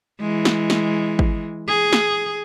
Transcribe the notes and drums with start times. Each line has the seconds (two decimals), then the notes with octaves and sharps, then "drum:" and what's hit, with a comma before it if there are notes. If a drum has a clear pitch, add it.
0.21 E3 G#3
0.45 drum: snare
0.70 drum: snare
1.19 drum: kick G#1
1.68 G#4
1.93 drum: snare